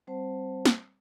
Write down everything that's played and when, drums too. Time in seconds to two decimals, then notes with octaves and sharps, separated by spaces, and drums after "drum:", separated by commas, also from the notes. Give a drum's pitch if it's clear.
0.07 G3 C4 C5 F#5 A5
0.65 drum: snare